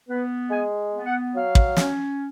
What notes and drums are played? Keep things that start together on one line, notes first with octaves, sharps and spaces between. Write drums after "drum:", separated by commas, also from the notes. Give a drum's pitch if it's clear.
B3 B4
G#3 G#5
B3
F#5
F#3 F5
drum: kick
C#4, drum: snare